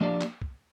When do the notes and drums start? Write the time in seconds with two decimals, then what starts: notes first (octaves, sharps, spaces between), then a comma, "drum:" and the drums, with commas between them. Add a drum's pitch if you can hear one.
0.01 F3 A#3 D4 G4 D5
0.21 drum: clap
0.42 drum: kick